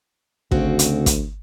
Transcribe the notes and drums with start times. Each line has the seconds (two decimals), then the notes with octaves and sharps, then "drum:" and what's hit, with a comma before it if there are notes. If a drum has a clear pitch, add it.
0.51 D2 C#3 C4 F#4, drum: kick
0.79 drum: hi-hat
1.06 drum: kick, hi-hat